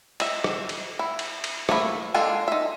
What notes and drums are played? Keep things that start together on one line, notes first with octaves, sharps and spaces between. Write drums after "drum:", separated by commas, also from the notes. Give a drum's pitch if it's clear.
D#5 E5, drum: cymbal
drum: rim click
drum: cymbal
E4
drum: cymbal
drum: cymbal
A3 A#3 E4, drum: rim click
G#3 A#3 D4 F4 A4
D#4 E5